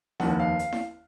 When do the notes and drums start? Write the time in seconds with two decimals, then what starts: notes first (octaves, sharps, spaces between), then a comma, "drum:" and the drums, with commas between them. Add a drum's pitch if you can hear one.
0.20 F1 D#2 D#3 F#5, drum: snare E4
0.40 F5
0.59 drum: hi-hat
0.72 drum: snare E4